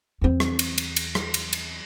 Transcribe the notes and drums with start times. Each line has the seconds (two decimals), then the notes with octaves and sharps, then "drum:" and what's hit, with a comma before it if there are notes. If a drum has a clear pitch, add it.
0.21 E2 C4
0.40 drum: rim click
0.59 drum: cymbal
0.78 drum: cymbal
0.96 drum: cymbal
1.15 drum: rim click
1.34 drum: cymbal
1.53 drum: cymbal